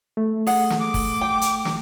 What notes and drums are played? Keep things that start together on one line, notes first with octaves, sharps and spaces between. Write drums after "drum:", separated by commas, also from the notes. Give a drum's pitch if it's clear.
A3
G#4 F#5, drum: open hi-hat
drum: snare
D6
drum: kick, open hi-hat
G5
drum: hi-hat
drum: snare